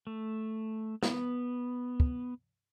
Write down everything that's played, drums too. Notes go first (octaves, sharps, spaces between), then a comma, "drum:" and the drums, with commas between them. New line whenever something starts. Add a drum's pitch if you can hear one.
A3
B3, drum: snare
drum: kick